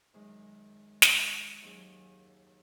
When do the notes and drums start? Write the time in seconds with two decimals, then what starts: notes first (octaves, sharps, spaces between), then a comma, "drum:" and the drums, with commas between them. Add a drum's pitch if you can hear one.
0.14 F#2 D#3 G#3
1.02 drum: snare
1.62 D#2 D#3 F#3 C#4 G#4